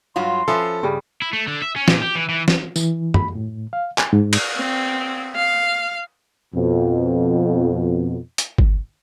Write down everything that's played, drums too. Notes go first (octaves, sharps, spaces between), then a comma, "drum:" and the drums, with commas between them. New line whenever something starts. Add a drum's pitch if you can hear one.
G2 F#3 F4 C6
F3 C#4 A4 B4 E5 F5
G2 C#3 G3
E4
A3
D3
E5
C#4
A#2, drum: snare
G4
E3
E3
drum: snare
E3, drum: tambourine
B5, drum: tom
A2
F5
G#5, drum: clap
G#2
drum: cymbal
C4
F5
F2 B2
drum: hi-hat
drum: kick G1